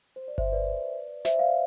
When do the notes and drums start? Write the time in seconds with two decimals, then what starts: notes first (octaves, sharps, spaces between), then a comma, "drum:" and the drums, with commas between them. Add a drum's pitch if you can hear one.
0.16 C5
0.28 D5
0.38 C5 E5, drum: kick G1
0.52 B4 D5
1.25 C5 E5, drum: snare
1.39 D5 F5